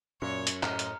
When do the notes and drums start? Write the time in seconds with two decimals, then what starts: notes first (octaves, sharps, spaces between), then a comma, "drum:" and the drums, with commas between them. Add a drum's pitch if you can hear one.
0.22 F#2 A#2 C#5 C#7
0.47 drum: hi-hat
0.63 A2 D#5 A#5 F6, drum: clap
0.79 drum: hi-hat